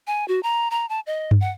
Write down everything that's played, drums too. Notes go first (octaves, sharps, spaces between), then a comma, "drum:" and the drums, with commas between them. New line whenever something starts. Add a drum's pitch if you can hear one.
G#5
F#4
A#5
A#5
A5
D#5
drum: tom G2
F#5